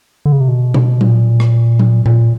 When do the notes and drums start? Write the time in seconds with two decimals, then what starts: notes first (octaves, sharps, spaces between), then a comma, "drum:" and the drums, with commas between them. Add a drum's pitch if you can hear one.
0.25 D3
0.32 C#3
0.40 C3
0.48 B2
0.74 drum: tom B2
1.01 A#2, drum: tom F#3
1.40 drum: rim click
1.79 drum: tom F#3
2.06 A#2, drum: tom A2